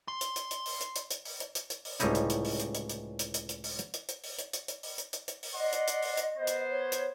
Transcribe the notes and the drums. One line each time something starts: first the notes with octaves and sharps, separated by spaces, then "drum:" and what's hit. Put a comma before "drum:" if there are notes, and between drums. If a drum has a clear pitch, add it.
C6
drum: hi-hat
drum: hi-hat
drum: hi-hat
drum: open hi-hat
drum: hi-hat
drum: hi-hat
drum: hi-hat
drum: open hi-hat
drum: hi-hat
drum: hi-hat
drum: hi-hat
drum: open hi-hat
C#2 A2 C3 G3 D#4 E4, drum: hi-hat
drum: hi-hat
drum: hi-hat
drum: open hi-hat
drum: hi-hat
drum: hi-hat
drum: hi-hat
drum: hi-hat
drum: hi-hat
drum: hi-hat
drum: open hi-hat
drum: hi-hat
drum: hi-hat
drum: hi-hat
drum: open hi-hat
drum: hi-hat
drum: hi-hat
drum: hi-hat
drum: open hi-hat
drum: hi-hat
drum: hi-hat
drum: hi-hat
drum: open hi-hat
D5 D#5 F#5 C6
drum: hi-hat
drum: hi-hat
drum: open hi-hat
drum: hi-hat
B3 C5
drum: hi-hat
C#5
drum: hi-hat